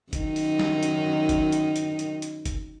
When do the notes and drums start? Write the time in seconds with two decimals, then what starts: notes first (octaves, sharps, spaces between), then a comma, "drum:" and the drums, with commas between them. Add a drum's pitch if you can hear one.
0.13 F#2 D#3 D#4, drum: kick, hi-hat
0.36 drum: open hi-hat
0.59 drum: snare
0.83 drum: hi-hat
1.29 drum: kick, hi-hat
1.52 drum: hi-hat
1.76 drum: hi-hat
1.99 drum: hi-hat
2.22 drum: hi-hat
2.46 drum: kick, hi-hat